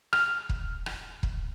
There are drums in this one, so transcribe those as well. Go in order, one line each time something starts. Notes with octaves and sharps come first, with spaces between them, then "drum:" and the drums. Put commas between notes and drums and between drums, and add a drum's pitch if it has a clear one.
F6, drum: rim click
drum: kick
drum: rim click
drum: kick